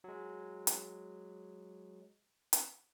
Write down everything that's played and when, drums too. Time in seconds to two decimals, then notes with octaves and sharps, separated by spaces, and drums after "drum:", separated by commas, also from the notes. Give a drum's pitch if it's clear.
0.04 F#3 G#3
0.67 drum: hi-hat
2.53 drum: hi-hat